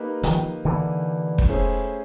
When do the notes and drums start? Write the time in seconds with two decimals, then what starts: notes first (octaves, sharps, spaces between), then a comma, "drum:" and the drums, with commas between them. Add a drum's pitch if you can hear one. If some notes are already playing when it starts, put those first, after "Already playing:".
Already playing: A#3 D#4 G4 B4
0.23 D#3 F3, drum: hi-hat
0.65 D3 E3
1.38 drum: kick
1.48 A3 C#4 E4 G#4 C5